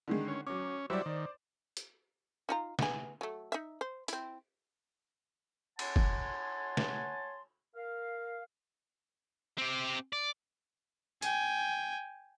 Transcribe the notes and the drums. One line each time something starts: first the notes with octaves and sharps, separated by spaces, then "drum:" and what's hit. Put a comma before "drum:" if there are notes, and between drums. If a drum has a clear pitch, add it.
D3 D#3 G#3
C#4
F#3 C#4 D6
F#3 G3 E4 C5 D5
D#3
drum: hi-hat
D#4 F4 A#5
B3 G#4, drum: snare
F#3 A3
D#4 E5
C5
C4 E4, drum: hi-hat
C#5 F#5 G#5 A5 C6, drum: cymbal
drum: kick
drum: snare
A#4 F5
C4 G4
D5
G5 G#5, drum: hi-hat